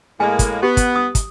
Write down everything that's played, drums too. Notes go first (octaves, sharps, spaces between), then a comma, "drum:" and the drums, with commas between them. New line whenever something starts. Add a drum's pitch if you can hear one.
A2 G#3 A#3 G#5
drum: kick, hi-hat
B3 G4
drum: kick, hi-hat
D#6
drum: kick, hi-hat